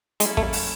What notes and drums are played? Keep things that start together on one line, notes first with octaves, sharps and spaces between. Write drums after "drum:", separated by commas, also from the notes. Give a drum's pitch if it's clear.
F#3 G#3 A#3 C#4 E4 A4, drum: hi-hat
A3, drum: kick
drum: open hi-hat